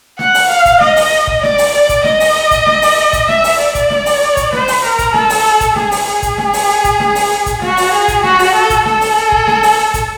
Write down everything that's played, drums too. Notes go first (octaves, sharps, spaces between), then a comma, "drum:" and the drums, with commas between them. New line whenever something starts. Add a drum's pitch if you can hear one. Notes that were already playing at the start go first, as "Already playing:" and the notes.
F#5, drum: snare
drum: open hi-hat
F5
drum: kick, hi-hat
D#5, drum: snare
drum: open hi-hat
drum: kick
D5, drum: snare
drum: open hi-hat
D5
drum: kick, hi-hat
D#5, drum: snare
drum: open hi-hat
drum: kick, hi-hat
drum: snare
drum: open hi-hat
drum: kick, hi-hat
E5, drum: snare
drum: open hi-hat
D5
drum: kick, hi-hat
drum: snare
drum: open hi-hat
drum: kick, hi-hat
C5, drum: snare
drum: open hi-hat
A#4
drum: kick, hi-hat
A4, drum: snare
drum: open hi-hat
drum: kick, hi-hat
G#4, drum: snare
drum: open hi-hat
G#4
drum: kick, hi-hat
drum: snare
drum: open hi-hat
drum: kick, hi-hat
drum: snare
drum: open hi-hat
drum: kick, hi-hat
F#4, drum: snare
drum: open hi-hat
G#4
drum: kick, hi-hat
F#4, drum: snare
drum: open hi-hat
A4
drum: kick, hi-hat
A4, drum: snare
drum: open hi-hat
drum: kick
drum: snare
drum: open hi-hat
drum: kick, hi-hat